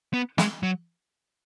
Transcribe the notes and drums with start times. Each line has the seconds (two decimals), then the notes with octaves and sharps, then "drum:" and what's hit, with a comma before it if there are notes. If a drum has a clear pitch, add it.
0.14 B3
0.38 G#3, drum: snare
0.63 F#3